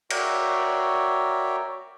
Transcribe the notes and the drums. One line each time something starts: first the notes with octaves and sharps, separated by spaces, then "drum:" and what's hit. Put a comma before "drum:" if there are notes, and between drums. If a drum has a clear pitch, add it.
F#4 A#4 C#5 D5 E5 G5, drum: cymbal